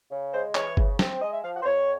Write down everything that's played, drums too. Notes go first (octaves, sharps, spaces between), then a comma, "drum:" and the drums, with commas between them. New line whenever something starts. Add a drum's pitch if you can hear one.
C#3
G#3 C5
E3 C#5, drum: clap
C#3, drum: kick G1
C4, drum: snare
G#3 D#5
E5
F3 F5
F#5
C5
F2 C#5